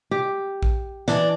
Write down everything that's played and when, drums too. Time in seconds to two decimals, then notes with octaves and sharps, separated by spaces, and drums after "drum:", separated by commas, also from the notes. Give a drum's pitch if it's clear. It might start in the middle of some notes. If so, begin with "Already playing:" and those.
0.11 G4
0.63 drum: kick A#1
1.08 E3 D4, drum: snare